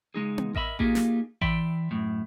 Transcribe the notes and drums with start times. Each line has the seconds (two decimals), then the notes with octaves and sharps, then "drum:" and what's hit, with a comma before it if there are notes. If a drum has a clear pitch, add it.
0.14 C#2 G#3 D#4 G#4
0.38 drum: tom B3
0.55 A#4 D#5 E5 B5, drum: kick A1
0.79 A#3 D#4 F4 G4 G#4, drum: kick A1
0.95 drum: snare
1.41 E3 D5 E5 G5 B5 C6, drum: kick A1
1.91 F#2 A2